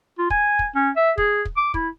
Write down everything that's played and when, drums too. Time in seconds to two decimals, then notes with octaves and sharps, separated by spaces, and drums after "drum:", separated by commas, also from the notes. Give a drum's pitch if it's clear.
0.19 F4
0.30 G#5, drum: kick
0.59 drum: kick
0.75 C#4
0.96 E5
1.18 G#4, drum: kick
1.45 drum: kick
1.57 D6
1.74 E4, drum: kick